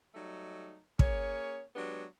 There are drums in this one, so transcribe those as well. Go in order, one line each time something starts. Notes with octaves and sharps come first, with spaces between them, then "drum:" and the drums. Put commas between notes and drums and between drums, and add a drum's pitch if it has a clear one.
F#3 G3 A3 D#4
A#3 C#4 G#4 C#5, drum: kick
F#3 G#3 B3 D4 G4